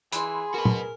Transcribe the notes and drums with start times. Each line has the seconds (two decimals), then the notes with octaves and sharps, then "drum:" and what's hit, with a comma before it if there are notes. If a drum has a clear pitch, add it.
0.13 E3 G#4 B5 C6, drum: hi-hat
0.54 F#4 A#4 B4
0.65 drum: tom